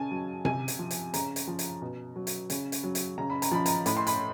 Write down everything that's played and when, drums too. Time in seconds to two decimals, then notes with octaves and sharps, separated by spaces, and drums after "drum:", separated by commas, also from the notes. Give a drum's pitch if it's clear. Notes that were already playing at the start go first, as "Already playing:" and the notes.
Already playing: C#3 G#5 A5
0.11 F#3
0.45 C3 G#5, drum: tom C3
0.68 drum: hi-hat
0.79 F3
0.91 drum: hi-hat
1.14 C#3 A#5, drum: hi-hat
1.36 drum: hi-hat
1.47 F3
1.59 drum: hi-hat
1.81 B2
2.16 F#3
2.27 drum: hi-hat
2.50 C#3, drum: hi-hat
2.72 drum: hi-hat
2.83 F#3
2.95 drum: hi-hat
3.18 C#3 A#5
3.30 B5
3.42 A#5, drum: hi-hat
3.51 F3 B5
3.66 A#5, drum: hi-hat
3.86 A2 B5, drum: hi-hat
3.97 C6
4.07 B5, drum: hi-hat